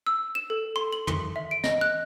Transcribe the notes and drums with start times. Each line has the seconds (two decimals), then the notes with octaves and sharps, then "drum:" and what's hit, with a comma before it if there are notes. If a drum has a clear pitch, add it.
0.07 E6
0.35 E7
0.50 A4
0.76 C6
0.93 F#7
1.07 C6, drum: tom
1.36 E5
1.51 D7
1.64 D#5, drum: snare
1.81 F#6